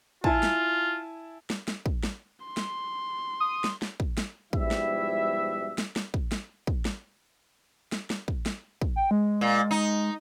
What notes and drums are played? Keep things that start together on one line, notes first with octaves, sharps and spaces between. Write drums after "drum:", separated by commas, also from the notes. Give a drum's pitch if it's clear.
E4 F4 G#5 A5, drum: kick
drum: snare
drum: snare
drum: snare
drum: kick
drum: snare
C6
drum: snare
D#6
drum: snare
drum: snare
drum: kick
drum: snare
G#2 B2 F3 G3 E4 E5, drum: kick
drum: snare
drum: snare
drum: snare
drum: kick
drum: snare
drum: kick
drum: snare
drum: snare
drum: snare
drum: kick
drum: snare
drum: kick
G5
G#3
A#2
D#4